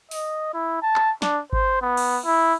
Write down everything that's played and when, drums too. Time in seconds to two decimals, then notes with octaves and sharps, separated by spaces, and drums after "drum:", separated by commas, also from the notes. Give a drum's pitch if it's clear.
0.11 D#5, drum: open hi-hat
0.54 E4
0.82 A5
0.96 drum: clap
1.22 D4, drum: snare
1.53 C5, drum: kick G#1
1.82 B3
1.97 drum: cymbal
2.26 E4